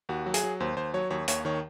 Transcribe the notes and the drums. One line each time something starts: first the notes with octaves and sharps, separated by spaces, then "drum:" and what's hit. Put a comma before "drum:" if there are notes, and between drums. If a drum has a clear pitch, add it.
D#2 F#4
F#3
G#4, drum: hi-hat
F#3
D#2 C5
D#2 C5
F#3 C#5
D#2 C#5
D#2 C#5, drum: hi-hat
D#3 C#5